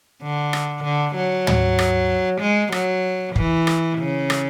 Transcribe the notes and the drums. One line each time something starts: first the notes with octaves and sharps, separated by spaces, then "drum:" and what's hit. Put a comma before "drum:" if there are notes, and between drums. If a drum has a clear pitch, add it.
D3
drum: rim click
D3
F#3
drum: tom
drum: rim click
G#3
F#3, drum: rim click
E3, drum: kick
drum: rim click
C#3
drum: rim click